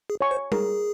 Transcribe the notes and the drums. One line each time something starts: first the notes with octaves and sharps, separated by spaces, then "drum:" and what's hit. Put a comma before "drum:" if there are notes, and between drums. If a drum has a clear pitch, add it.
G#4
C#5 G#5 C#6
C5
G#4 A#4, drum: tom G3